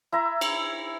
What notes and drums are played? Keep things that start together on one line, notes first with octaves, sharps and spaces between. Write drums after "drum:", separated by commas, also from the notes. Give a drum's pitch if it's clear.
E4 E5 A#5
drum: cymbal